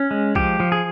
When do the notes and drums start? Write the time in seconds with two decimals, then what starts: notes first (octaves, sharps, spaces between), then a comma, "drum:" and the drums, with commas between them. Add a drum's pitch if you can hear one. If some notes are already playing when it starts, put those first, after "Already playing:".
Already playing: C#4
0.11 G#3
0.35 F3 G4, drum: kick B1
0.60 F3
0.72 G#4